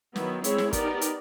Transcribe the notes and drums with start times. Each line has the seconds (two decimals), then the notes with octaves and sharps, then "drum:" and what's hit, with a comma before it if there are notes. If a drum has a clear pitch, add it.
0.16 D#3 F#3 B3 E4, drum: snare
0.44 G#3 C4 E4 G#4 C#5, drum: hi-hat
0.58 drum: snare
0.73 B3 D#4 G4 A#4 D5, drum: kick, hi-hat
1.01 drum: hi-hat